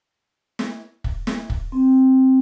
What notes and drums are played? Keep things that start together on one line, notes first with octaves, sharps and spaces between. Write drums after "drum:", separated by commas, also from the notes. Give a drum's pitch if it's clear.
drum: snare
drum: kick
drum: snare
drum: kick
C4